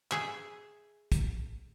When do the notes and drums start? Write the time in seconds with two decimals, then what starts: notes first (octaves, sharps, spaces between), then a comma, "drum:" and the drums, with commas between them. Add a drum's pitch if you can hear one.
0.11 G#4 E5, drum: clap
1.12 drum: kick, hi-hat